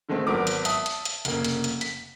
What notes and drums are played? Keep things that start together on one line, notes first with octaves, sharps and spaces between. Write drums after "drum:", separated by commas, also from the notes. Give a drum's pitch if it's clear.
D3 D#3 G#3 A3 C4
G#1 F#3 B3 A#4 D6
drum: hi-hat
E5 A5 D#6, drum: hi-hat
drum: hi-hat
drum: hi-hat
F1 C#3 A#3, drum: hi-hat
drum: hi-hat
drum: hi-hat
B6, drum: hi-hat